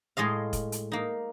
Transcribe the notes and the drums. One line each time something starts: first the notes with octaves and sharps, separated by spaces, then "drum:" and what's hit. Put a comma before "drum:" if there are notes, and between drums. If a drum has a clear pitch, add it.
A2 G#3 D#5 F5
drum: kick F1, hi-hat
drum: hi-hat
A#3 D#4